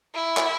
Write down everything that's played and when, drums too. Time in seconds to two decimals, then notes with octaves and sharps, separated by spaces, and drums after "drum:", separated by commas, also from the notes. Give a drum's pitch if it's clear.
0.14 E4
0.37 drum: clap